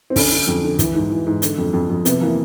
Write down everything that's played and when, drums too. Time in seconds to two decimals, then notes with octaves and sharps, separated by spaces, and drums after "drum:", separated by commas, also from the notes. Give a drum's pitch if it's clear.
0.10 C4
0.16 D3 C#4, drum: kick, open hi-hat
0.31 D3
0.47 F2
0.64 D3
0.79 E3, drum: kick, hi-hat
0.94 G#2
1.10 E3
1.27 G#2
1.42 D3, drum: hi-hat
1.58 F2
1.73 F2
1.90 F2
2.05 C3 B3, drum: hi-hat
2.21 E3 A#3